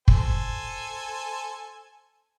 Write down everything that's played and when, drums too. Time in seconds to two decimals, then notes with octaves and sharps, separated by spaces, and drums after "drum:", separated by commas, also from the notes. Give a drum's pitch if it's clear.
0.08 A4 C5 G#5, drum: kick